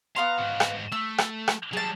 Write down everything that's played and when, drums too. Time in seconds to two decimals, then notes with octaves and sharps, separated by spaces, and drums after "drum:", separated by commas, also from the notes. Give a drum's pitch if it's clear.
0.16 B3 F5 A#5 C6
0.38 G#2 F#4
0.60 drum: rim click
0.92 A3 E6
1.18 drum: rim click
1.48 drum: rim click
1.73 F#3 G3 G#4 A5